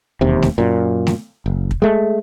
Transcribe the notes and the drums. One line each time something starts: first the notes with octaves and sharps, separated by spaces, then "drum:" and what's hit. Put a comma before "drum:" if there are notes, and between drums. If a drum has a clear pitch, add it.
E1 D#2 C3
drum: snare A3
F#2 A#2
drum: snare A3
F#1
drum: kick
G#3 A3